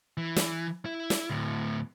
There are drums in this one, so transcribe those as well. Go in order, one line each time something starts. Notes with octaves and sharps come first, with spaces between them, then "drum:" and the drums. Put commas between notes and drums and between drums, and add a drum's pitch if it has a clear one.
E3
drum: snare
E4
drum: snare
D2 A2